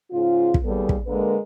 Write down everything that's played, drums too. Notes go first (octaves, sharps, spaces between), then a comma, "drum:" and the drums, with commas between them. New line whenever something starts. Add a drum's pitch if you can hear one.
G#2 C#3 F4
drum: kick
D#2 G3 B3 G#4 A4
drum: kick
D3 G#3 A#3 A#4 B4